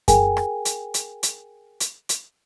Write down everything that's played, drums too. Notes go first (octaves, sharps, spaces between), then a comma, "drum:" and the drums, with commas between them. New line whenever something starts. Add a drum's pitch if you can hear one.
G#4 A#4 G5 G#5, drum: kick F#2, hi-hat
drum: rim click
drum: hi-hat
drum: hi-hat
drum: hi-hat
drum: hi-hat
drum: hi-hat